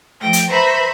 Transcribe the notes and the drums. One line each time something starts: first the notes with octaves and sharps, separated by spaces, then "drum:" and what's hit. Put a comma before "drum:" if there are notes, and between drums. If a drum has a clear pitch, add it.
F3 A3 G5 A#6
drum: hi-hat
B4 C5 E5 A#5 B5 C#6